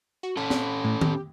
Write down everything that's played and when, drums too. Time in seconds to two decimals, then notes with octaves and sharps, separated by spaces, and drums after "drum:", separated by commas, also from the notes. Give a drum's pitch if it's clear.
0.23 F#4
0.37 C#4 A4 B5
0.50 drum: snare
0.84 A2
1.01 G4, drum: tom D#3